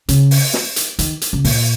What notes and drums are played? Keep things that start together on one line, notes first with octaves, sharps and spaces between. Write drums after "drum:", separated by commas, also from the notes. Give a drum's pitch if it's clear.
C#3, drum: hi-hat
drum: open hi-hat
drum: snare
drum: hi-hat
D#3, drum: hi-hat
drum: hi-hat
C#3
A#2, drum: open hi-hat